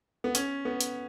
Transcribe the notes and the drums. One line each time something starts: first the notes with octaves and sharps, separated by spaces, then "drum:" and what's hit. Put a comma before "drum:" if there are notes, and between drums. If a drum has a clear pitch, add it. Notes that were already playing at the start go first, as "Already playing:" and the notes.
B3
C#4, drum: hi-hat
B3
drum: hi-hat